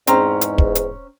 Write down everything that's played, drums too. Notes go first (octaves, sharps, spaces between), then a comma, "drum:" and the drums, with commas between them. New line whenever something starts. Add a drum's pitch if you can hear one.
E2 G#2 C4 C#4 A#5, drum: hi-hat
drum: hi-hat
drum: kick
drum: hi-hat